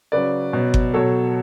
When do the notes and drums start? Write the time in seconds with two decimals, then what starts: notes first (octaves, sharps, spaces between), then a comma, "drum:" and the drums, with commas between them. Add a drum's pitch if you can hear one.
0.12 C#3 F#3 B4 D5
0.53 B2 F#3
0.74 drum: kick G1
0.94 B2 F#3 A4 C#5